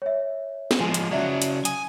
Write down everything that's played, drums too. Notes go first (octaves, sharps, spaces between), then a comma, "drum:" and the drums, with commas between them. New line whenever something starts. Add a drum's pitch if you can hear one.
C#5 E5
drum: snare
F3 G#3 G#5
drum: hi-hat
C#3 F#3 D5 E5
drum: hi-hat
G#5 D#6, drum: hi-hat